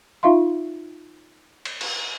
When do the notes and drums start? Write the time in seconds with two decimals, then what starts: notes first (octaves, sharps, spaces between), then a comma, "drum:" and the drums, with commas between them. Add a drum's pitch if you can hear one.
0.23 D#4 F4 E5 F5 C6
1.65 drum: cymbal
1.81 drum: cymbal